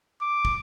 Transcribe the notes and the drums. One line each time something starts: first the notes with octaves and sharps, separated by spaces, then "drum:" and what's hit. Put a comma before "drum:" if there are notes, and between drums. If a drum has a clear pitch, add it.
D6
drum: kick